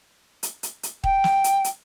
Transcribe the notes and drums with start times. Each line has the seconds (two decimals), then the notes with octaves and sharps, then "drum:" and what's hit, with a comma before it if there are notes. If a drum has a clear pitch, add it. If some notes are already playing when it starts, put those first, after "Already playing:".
0.43 drum: hi-hat
0.63 drum: hi-hat
0.83 drum: hi-hat
1.04 G5, drum: kick D#1
1.24 drum: snare
1.44 drum: hi-hat
1.64 drum: hi-hat